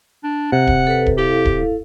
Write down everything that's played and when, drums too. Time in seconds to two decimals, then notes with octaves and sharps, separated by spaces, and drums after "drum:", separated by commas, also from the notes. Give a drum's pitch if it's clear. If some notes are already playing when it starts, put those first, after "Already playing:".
0.24 D4
0.52 C3 F#5
0.67 drum: kick D1
0.87 A4 B4
1.06 drum: kick D1
1.18 E4 G4 A4 F5
1.45 drum: kick D1